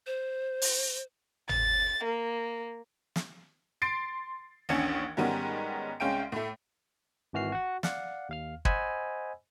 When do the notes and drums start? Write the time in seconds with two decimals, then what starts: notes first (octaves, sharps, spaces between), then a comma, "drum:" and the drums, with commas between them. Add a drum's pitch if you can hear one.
0.07 C5
0.62 drum: open hi-hat
1.49 A6, drum: tom
2.04 A#3
3.16 drum: snare
3.82 C6 A6 C7 D7
4.69 A1 D#2 C#4 D4 G#6 C#7
5.17 G#2 D#3 G3 B3 C#4
6.00 C2 G#3 C#4 F5 G5 D7
6.32 A2 A3
7.33 G#1 E3 F#4 F6 C7
7.52 F#4 F#5
7.83 D5 F5 F#5, drum: snare
8.29 D#2 F5 F6
8.65 C5 D#5 F#5 G#5 B5 E6, drum: kick